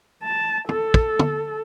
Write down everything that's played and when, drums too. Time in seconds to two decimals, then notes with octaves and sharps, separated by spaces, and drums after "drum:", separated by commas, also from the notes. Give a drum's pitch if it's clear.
0.23 A5
0.69 A4, drum: tom
0.94 drum: kick
1.19 drum: tom